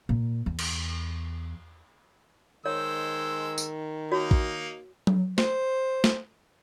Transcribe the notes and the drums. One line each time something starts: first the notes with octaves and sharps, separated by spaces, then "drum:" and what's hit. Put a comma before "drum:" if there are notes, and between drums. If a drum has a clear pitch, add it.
A#2
E2
drum: cymbal
D#3 G#3 C5 C#5 E6
drum: tambourine
A#3 D#4 F#4 C#5 D#5
drum: kick A1
drum: tom F#3
C5, drum: snare
drum: snare